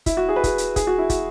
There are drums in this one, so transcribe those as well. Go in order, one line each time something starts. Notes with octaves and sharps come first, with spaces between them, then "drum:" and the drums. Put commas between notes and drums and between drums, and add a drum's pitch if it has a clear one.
E4, drum: kick, hi-hat
F#4
G#4
B4
G#4, drum: kick, hi-hat
drum: hi-hat
G#4, drum: kick, hi-hat
F#4
E4
F#4, drum: kick, hi-hat